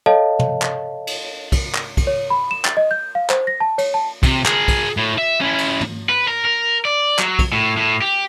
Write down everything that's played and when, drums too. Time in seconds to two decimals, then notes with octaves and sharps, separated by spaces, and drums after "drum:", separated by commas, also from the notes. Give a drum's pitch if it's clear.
0.06 A4 C#5 D#5 F5 A5
0.39 drum: tom
0.62 drum: clap
1.07 drum: cymbal
1.52 drum: kick, cymbal
1.75 drum: clap
1.97 drum: kick, cymbal
2.07 C#5
2.30 B5
2.51 E7
2.65 A6, drum: clap
2.77 D#5
2.91 G6
3.15 F5
3.30 C5, drum: clap
3.47 A#6
3.60 A5
3.78 C#5, drum: cymbal
3.94 A5
4.23 C3, drum: kick, cymbal
4.46 G#4 A#4, drum: clap
4.68 drum: kick, cymbal
4.97 A2
5.18 E5
5.41 C#4 E4
5.58 drum: cymbal
5.81 drum: tom
6.09 B4
6.28 A#4
6.45 A#4
6.85 D5
7.19 F#3, drum: clap
7.39 drum: kick, cymbal
7.52 A2
7.77 A2
8.02 G4